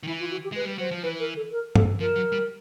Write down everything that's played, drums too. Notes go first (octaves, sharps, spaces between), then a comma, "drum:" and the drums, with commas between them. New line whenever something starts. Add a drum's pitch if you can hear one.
D#3
E3 E4
F4
F#4
G4
G#3 B4
G3
F#3 C5
F3
E3 B4
A#4
A4
A#4
A4, drum: tom G2
F3 A#4
F#3
G3